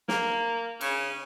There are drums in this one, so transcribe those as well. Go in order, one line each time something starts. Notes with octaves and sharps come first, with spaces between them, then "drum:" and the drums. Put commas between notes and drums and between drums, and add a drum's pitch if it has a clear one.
A#3, drum: snare
C#3, drum: cymbal